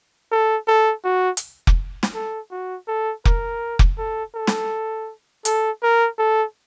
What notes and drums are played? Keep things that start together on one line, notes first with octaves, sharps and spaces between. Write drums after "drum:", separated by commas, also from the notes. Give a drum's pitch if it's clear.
A4
A4
F#4
drum: hi-hat
drum: kick F1
drum: snare
A4
F#4
A4
A#4, drum: kick F1
drum: kick F1
A4
A4
drum: snare
A4, drum: hi-hat
A#4
A4